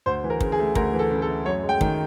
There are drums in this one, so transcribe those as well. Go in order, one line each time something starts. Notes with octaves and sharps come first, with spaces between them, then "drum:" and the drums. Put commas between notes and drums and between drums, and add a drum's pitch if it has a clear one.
D2 C5
E3
A#4
C#3, drum: kick
G#4
A3
D2 A#4, drum: kick
E3
A4
C#3
A4
A3
F#2 C#5
G#3
G5
D#3, drum: kick